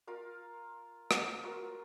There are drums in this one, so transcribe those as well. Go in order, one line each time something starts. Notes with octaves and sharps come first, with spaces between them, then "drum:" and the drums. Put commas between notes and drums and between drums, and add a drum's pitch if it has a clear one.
F4 A#4 F5
F5, drum: rim click
F4 F#4 A#4